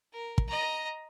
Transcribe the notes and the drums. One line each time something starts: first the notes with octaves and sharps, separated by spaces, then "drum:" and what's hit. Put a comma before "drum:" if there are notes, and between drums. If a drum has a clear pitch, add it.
A#4
drum: kick
D#5 A#5